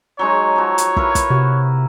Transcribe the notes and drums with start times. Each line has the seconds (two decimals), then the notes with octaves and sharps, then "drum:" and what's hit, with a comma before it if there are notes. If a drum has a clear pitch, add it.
0.19 F#3 G#3 D#4 C#5
0.56 F3 F#3
0.78 drum: hi-hat
0.96 E4 A#4 B4, drum: kick
1.15 drum: kick, hi-hat
1.30 C3 F#4